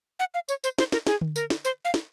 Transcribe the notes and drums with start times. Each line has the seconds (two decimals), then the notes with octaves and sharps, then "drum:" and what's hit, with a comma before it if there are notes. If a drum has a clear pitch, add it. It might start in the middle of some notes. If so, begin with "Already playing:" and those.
0.19 F#5
0.34 F5
0.49 C#5, drum: tambourine
0.64 C5, drum: tambourine
0.78 C5, drum: snare
0.92 A#4, drum: snare
1.07 G#4, drum: snare
1.21 drum: tom D3
1.36 A#4, drum: tambourine
1.50 drum: snare
1.65 C5, drum: tambourine
1.85 F5
1.94 drum: snare